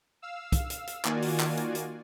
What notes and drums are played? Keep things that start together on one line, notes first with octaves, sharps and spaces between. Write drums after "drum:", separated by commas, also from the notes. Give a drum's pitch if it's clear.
F5 E6
drum: kick, hi-hat
drum: hi-hat
drum: hi-hat
D#3 A#3 F4 F#4 D5 G#5, drum: clap
drum: open hi-hat
drum: clap
drum: hi-hat
drum: hi-hat